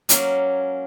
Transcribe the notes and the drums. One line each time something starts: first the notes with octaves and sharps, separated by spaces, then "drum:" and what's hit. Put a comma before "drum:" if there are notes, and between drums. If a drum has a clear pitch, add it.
F#3 A#3 C#4, drum: hi-hat